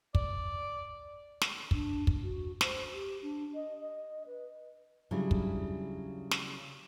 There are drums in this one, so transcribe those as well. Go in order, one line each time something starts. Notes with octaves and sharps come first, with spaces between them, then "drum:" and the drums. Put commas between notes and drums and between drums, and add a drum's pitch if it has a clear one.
D5, drum: kick
drum: snare
D4, drum: kick
drum: kick
F#4
C5, drum: snare
G4
D4
D#5
D#5
B4
C#3 F#3 G3 D4 E4
drum: kick
drum: snare